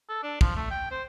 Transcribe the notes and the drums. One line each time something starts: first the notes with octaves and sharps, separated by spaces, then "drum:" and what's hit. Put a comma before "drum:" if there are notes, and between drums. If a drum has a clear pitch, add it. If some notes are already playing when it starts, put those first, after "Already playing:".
A4
D4
F3, drum: kick
A3
G5
C5